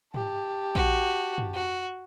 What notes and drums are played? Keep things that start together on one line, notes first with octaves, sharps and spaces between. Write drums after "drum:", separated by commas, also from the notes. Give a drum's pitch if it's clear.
G4 A5, drum: tom
F#4, drum: kick A#1
drum: tom
F#4